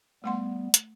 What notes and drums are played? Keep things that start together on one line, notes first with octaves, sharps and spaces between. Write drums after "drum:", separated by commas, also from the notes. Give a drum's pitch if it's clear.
G3 A3 B3 F#5 C6
drum: hi-hat